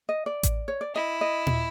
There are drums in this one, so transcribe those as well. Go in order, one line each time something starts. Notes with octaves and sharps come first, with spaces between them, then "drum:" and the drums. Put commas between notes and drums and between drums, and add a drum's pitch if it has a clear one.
D#5
D5
drum: kick A1, hi-hat
C#5
D5
E4 D#5
D#5
drum: tom A#2